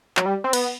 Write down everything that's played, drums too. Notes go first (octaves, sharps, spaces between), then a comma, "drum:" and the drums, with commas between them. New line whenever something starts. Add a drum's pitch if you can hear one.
F#3, drum: clap
G3
C4
B3, drum: cymbal